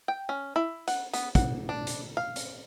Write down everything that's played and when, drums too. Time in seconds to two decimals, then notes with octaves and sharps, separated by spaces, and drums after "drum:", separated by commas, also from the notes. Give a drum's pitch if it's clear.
0.08 G5
0.29 C#4
0.56 E4
0.88 F#5, drum: hi-hat
1.13 B3, drum: hi-hat
1.35 F#5, drum: kick, hi-hat
1.69 D4
1.87 drum: hi-hat
2.17 F5
2.36 drum: hi-hat